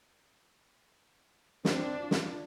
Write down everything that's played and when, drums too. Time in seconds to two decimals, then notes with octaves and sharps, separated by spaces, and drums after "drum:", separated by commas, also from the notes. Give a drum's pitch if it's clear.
1.65 C4 D4, drum: snare
1.99 F4
2.11 drum: snare